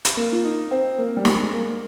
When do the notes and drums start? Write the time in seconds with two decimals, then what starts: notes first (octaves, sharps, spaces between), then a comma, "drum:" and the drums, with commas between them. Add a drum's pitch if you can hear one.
0.05 drum: hi-hat
0.17 A#3
0.32 F4
0.44 D#4
0.71 C4
0.98 A#3
1.17 G3
1.25 G#3, drum: snare
1.53 A#3